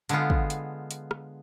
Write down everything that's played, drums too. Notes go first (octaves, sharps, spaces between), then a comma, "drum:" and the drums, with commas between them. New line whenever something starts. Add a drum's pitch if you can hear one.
D3 G#3 B3 F4, drum: hi-hat
drum: kick
drum: hi-hat
drum: hi-hat
drum: rim click